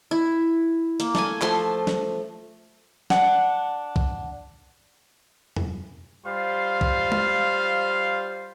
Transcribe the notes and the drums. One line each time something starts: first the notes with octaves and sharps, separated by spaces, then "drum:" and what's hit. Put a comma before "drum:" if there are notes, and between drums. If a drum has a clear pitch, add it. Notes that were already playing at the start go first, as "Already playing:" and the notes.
E4
A#3, drum: hi-hat
A3 G#5, drum: snare
F3 A3 C6, drum: clap
drum: snare
D4 F#5, drum: snare
drum: kick
drum: tom E2
G3 F4 C5 F5 C6
drum: kick
drum: tom G#3